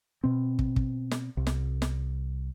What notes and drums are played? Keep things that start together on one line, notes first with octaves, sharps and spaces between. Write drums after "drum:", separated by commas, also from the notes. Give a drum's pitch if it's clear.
B2 C4
drum: kick
drum: kick
drum: snare
C2
drum: snare
drum: snare